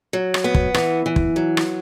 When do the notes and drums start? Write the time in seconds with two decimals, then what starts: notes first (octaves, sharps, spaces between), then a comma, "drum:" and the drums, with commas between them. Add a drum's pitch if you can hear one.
0.13 F#3
0.34 drum: rim click
0.44 B3
0.55 drum: kick
0.74 E3, drum: rim click
1.06 E3
1.16 drum: kick
1.36 F#3
1.57 drum: rim click